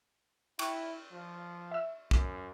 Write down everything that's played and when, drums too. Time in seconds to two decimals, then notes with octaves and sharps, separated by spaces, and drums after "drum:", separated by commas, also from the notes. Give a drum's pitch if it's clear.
0.59 E4 G5 C#6 F#6, drum: cymbal
1.12 F3
1.71 E5 E6
2.11 F#2, drum: kick